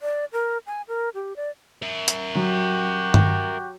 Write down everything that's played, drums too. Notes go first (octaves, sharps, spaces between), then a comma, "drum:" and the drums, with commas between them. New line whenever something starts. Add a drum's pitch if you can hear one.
D5
A#4
G#5
A#4
G4
D5
A#4 E5
drum: hi-hat
F#3 F#4 G4 G5
drum: tom G2